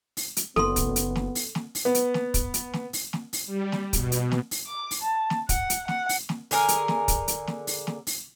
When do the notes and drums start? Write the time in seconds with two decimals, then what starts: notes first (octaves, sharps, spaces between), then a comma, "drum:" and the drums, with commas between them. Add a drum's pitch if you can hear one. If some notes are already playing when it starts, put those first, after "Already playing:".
0.17 drum: open hi-hat
0.37 drum: hi-hat
0.56 F#1 B3 A4 C6, drum: snare
0.76 drum: kick, hi-hat
0.96 drum: hi-hat
1.16 drum: snare
1.35 drum: open hi-hat
1.55 drum: snare
1.75 drum: open hi-hat
1.85 B3
1.95 drum: hi-hat
2.14 drum: snare
2.34 drum: kick, hi-hat
2.54 drum: hi-hat
2.73 drum: snare
2.93 drum: open hi-hat
3.13 drum: snare
3.33 drum: open hi-hat
3.47 G3
3.72 drum: snare
3.93 B2, drum: kick, hi-hat
4.12 drum: hi-hat
4.31 drum: snare
4.51 drum: open hi-hat
4.67 D6
4.91 drum: open hi-hat
5.03 A5
5.30 drum: snare
5.49 F#5, drum: kick, hi-hat
5.70 drum: hi-hat
5.88 F#5, drum: snare
6.09 drum: open hi-hat
6.29 drum: snare
6.51 D3 G#4 A#4, drum: open hi-hat
6.68 drum: hi-hat
6.88 drum: snare
7.08 drum: kick, hi-hat
7.28 drum: hi-hat
7.47 drum: snare
7.67 drum: open hi-hat
7.87 drum: snare
8.07 drum: open hi-hat